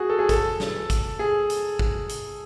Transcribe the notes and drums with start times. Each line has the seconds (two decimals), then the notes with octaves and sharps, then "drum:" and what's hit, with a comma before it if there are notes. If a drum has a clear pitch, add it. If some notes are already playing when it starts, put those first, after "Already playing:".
Already playing: F#4 G#4
0.10 A4
0.19 G#4
0.29 A4, drum: kick, hi-hat
0.60 drum: snare
0.90 drum: kick, hi-hat
1.19 G#4
1.50 drum: hi-hat
1.79 drum: kick
2.09 drum: hi-hat